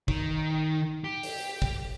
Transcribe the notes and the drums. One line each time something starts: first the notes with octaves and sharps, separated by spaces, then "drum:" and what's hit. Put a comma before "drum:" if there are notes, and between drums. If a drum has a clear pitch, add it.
D#3, drum: kick
G4
drum: open hi-hat
drum: kick